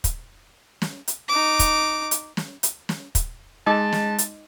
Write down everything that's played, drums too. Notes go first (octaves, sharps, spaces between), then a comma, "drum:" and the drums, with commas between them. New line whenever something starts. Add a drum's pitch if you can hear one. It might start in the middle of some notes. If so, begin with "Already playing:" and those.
drum: kick, hi-hat
drum: snare
drum: hi-hat
D#4 D6
drum: kick, hi-hat
drum: hi-hat
drum: snare
drum: hi-hat
drum: snare
drum: kick, hi-hat
G#3 D#4 D#5 A5 D6
drum: snare
drum: hi-hat